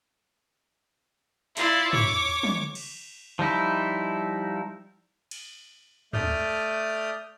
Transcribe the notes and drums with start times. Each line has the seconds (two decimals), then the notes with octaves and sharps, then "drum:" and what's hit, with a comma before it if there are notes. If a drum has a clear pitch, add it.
1.57 E4 F4 D5, drum: hi-hat
1.93 C#5 D6, drum: tom
2.43 drum: tom
2.75 drum: cymbal
3.39 F3 G3 D#4 E4
5.31 drum: cymbal
6.13 A3 D5 D#6 F6 G6, drum: tom